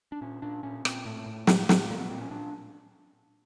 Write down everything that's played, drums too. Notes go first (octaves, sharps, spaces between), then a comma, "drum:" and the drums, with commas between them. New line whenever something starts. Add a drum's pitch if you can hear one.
D4
A#2 C#4
A#2 D4
A#2 C#4
A#2 C4, drum: rim click
A2 A3
A2
A2, drum: snare
A2, drum: snare
A#2 A#3
B3
A#2 C4
C#4
A#2 D4